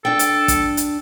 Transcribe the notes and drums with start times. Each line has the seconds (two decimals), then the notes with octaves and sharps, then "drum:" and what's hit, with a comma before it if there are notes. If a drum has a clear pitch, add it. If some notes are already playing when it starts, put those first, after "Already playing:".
0.05 D4 A4 G5
0.19 drum: hi-hat
0.48 drum: kick, hi-hat
0.77 drum: hi-hat